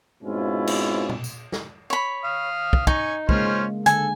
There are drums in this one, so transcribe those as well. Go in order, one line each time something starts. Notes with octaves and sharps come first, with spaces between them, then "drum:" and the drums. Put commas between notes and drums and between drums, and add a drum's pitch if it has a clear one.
G#2 B2 C4 C#4 E4 F4
drum: cymbal
drum: tom A#2
drum: tambourine
drum: snare
C#5 B5
F5 D#6
drum: kick
D#4 G#5 C#6, drum: kick
C#3 G#3 A#3 C#4 F4 C5, drum: kick
D3 A4 G#5, drum: hi-hat